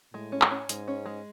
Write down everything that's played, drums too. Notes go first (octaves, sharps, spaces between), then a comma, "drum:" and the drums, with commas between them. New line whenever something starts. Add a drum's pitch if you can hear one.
A2 G#3
C#4
drum: clap
C#4
G#2 G#3, drum: hi-hat
C#4
G#3